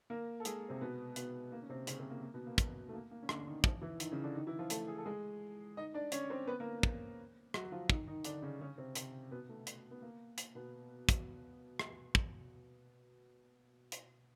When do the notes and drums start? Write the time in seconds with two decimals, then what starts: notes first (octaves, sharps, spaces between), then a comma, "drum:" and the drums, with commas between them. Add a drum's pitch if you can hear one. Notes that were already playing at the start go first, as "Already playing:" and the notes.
0.10 A#3 A#4
0.40 A4
0.45 G#3 G#4, drum: hi-hat
0.69 C3 C4
0.81 B2 B3
1.16 B2 B3, drum: hi-hat
1.52 A#3
1.62 C#4
1.69 C3 C4
1.87 C#3 C#4, drum: hi-hat
1.99 C3 C4
2.10 A#3
2.23 A#3
2.34 B2 B3
2.47 A#3
2.58 A#3, drum: kick, hi-hat
2.89 A3
2.94 A#3
3.11 A#3
3.22 C#4
3.29 D3 D4, drum: rim click
3.47 D#3 D#4
3.64 F3 F4, drum: kick
3.82 E3 E4
4.00 D#3 D#4, drum: hi-hat
4.12 C#3 C#4
4.23 D3 D4
4.35 D#3 D#4
4.47 E3 E4
4.59 F3 F4
4.70 A3 A4, drum: hi-hat
4.88 G#4
4.98 A4
5.05 G#3 G#4
5.77 D#4 D#5
5.94 D4 D5
6.12 C#4 C#5, drum: hi-hat
6.30 C4 C5
6.47 B3 B4
6.60 A#3 A#4
6.83 drum: kick
7.54 F#3 F#4, drum: rim click
7.72 F3 F4
7.90 D#3 D#4, drum: kick
8.07 D#3 D#4
8.24 D3 D4, drum: hi-hat
8.42 C#3 C#4
8.61 C#3 C#4
8.78 C3 C4
8.95 C3 C4, drum: hi-hat
9.31 B2 B3
9.49 A3
9.67 drum: hi-hat
9.91 B3
10.02 A#3
10.38 drum: hi-hat
10.55 B2 B3
11.09 drum: kick, hi-hat
11.79 drum: rim click
12.15 drum: kick
13.92 drum: hi-hat